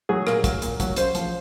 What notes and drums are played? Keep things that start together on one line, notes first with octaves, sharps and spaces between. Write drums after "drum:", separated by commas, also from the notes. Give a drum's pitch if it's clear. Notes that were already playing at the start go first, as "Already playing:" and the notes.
F#3 G#4
A#2 A#4, drum: rim click
F#3, drum: kick, hi-hat
A#2, drum: hi-hat
F#3, drum: kick, hi-hat
C#3 C5, drum: hi-hat
F3, drum: hi-hat